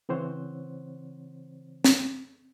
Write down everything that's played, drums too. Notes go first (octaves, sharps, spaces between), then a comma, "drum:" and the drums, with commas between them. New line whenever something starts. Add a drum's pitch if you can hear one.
C#3 E3 C4 C5 C#5 F#5
drum: snare